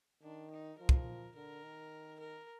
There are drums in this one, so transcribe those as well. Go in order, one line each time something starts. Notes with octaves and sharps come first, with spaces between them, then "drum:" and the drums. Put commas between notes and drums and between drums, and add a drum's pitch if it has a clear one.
D#3 D4
D#4
F3 A#4
drum: kick
D3 A#4
D#3
A#4